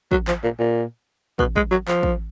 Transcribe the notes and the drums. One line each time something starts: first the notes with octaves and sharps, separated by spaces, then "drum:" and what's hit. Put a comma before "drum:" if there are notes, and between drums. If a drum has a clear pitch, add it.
F#3, drum: kick
F3, drum: clap
A#2
A#2
B2, drum: kick
G#3, drum: kick
F#3
F3, drum: clap
drum: kick